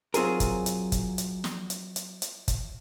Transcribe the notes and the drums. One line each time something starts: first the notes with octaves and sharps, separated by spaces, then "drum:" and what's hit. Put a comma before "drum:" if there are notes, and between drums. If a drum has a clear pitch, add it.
F#3 C4 F4 G#4 A#4, drum: hi-hat
drum: kick, hi-hat
drum: hi-hat
drum: kick, hi-hat
drum: hi-hat
drum: snare
drum: hi-hat
drum: hi-hat
drum: hi-hat
drum: kick, hi-hat